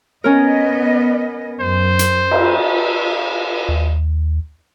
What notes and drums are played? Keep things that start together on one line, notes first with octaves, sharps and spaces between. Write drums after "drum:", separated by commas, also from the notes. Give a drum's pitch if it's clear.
B3 C#4 A#4 D#5
F#2 C5
drum: hi-hat
drum: cymbal
D#2